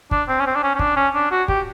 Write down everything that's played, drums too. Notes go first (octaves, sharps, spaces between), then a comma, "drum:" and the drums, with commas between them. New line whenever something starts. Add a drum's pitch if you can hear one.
D4, drum: kick
C4
C#4
C4
D4
C#4
C#4
D4, drum: kick
C#4
D4
F#4
G4, drum: kick